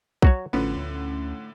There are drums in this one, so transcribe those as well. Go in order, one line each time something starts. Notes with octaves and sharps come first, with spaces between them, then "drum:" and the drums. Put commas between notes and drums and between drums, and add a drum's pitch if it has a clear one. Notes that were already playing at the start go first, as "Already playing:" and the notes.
F#3 F#4 C#5, drum: kick B1
A1 A2 D3 F3 B3 C#4
D2